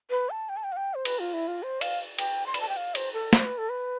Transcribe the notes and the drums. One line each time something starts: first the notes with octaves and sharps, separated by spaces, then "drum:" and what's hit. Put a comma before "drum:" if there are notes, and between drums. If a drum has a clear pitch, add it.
B4
A5
G5
A5
G5
F5
G5
C5
B4, drum: cymbal
F4
E4
F4
C5
F5, drum: cymbal
G5, drum: cymbal
C6
B5, drum: cymbal
A5
G5
F5
C5, drum: cymbal
A4
C5, drum: snare
B4
A4
B4